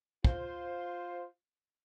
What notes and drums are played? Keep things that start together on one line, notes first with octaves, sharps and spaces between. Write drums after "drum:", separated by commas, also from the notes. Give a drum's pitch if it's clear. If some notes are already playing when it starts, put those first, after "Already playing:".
F4 C5, drum: kick